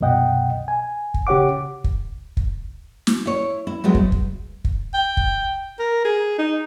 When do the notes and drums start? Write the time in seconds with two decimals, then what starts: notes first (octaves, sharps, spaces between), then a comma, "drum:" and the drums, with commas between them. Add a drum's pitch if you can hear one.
0.01 C2 F#2 B2 D#5 F#5 G5
0.68 G#5
1.14 drum: kick
1.27 C#3 G4 C#5 F#5 D6
1.84 drum: kick
2.37 drum: kick
3.07 drum: snare
3.25 E4 C#5
3.67 E4
3.84 F#3 G#3 A3 B3
3.94 drum: kick
4.12 drum: kick
4.64 drum: kick
4.94 G5
5.17 drum: kick
5.79 A#4
6.05 G#4
6.38 D#4